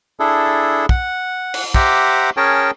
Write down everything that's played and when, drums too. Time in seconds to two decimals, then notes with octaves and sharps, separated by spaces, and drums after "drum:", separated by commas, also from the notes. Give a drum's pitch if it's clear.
0.20 D4 E4 G#4 A4
0.89 F#5, drum: kick
1.54 drum: cymbal
1.74 G4 C5 E5 F#5 A#5 D6, drum: kick
2.37 C#4 G#4 A#4 C#5 G5 A5